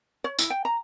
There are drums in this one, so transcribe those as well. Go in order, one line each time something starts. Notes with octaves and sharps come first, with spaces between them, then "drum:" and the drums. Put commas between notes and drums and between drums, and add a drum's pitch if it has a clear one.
C#5
E4, drum: tambourine
G5
A#5